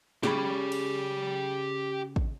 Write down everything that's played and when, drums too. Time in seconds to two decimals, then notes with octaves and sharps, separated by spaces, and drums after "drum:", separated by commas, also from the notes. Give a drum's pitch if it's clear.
0.23 C#3 G4 B5, drum: snare
0.72 drum: cymbal
2.16 drum: kick